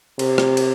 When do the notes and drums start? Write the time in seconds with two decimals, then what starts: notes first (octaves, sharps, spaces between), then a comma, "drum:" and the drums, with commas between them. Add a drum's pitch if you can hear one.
0.19 C3, drum: cymbal
0.38 drum: rim click
0.57 drum: cymbal